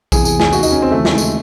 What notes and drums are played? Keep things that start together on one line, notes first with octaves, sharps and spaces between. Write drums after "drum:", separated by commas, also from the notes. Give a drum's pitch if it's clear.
E2 C3 E3 G#4, drum: kick A#1, tambourine
G#4, drum: tambourine
G#4, drum: snare
D#2 D#3 F#4, drum: tambourine
D#4, drum: tambourine
C#4
C4
D#2 C#3 E3 A3
G#3, drum: snare
A3, drum: tambourine